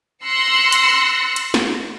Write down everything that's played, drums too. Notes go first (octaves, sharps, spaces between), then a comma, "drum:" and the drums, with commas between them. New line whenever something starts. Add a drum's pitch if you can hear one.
C6 E6 F#6 A#6 C7 C#7
drum: hi-hat
drum: cymbal
drum: snare